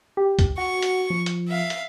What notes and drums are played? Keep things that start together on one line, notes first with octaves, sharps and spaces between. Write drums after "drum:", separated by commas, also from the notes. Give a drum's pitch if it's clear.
G4
drum: kick C2, hi-hat
F#4 C#6
drum: hi-hat
F3
drum: hi-hat
E5 F5
drum: hi-hat